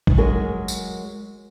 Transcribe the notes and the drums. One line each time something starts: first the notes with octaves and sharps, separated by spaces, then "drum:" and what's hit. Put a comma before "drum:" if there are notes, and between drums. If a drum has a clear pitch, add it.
drum: kick
F#3 G#3 G#4 A#4
drum: tambourine